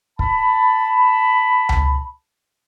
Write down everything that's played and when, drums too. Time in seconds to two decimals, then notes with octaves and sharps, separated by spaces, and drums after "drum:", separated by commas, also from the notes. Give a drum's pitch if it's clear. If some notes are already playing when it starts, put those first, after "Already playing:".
0.19 A5 B5, drum: kick
1.69 drum: tom C#2